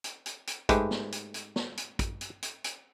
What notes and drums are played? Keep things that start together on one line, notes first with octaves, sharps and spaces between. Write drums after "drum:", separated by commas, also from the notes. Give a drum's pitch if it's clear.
drum: hi-hat
drum: hi-hat
drum: hi-hat
G#2 G#3 A3 G4 B4, drum: kick, hi-hat
drum: snare
drum: hi-hat
drum: hi-hat
drum: snare
drum: hi-hat
drum: kick, hi-hat
drum: hi-hat
drum: hi-hat
drum: hi-hat